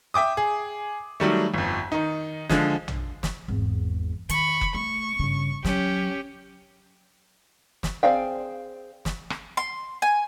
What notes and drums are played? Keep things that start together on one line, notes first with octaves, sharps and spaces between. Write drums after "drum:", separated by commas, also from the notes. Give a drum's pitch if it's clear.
E5 G5 D6 D#6
G#4
D#3 F#3 G3 A3
G1 F2
D#3 D#4
D3 F3 G#3, drum: snare
drum: tom A#1
drum: snare
G#1 E2
D#3 B5 C#6, drum: hi-hat
drum: kick F#1
A3 C#6
G1 C#3
F#3 C#4 G4, drum: snare
drum: snare
C4 G#4 D5 F5 G5
drum: snare
drum: rim click
C6
G#5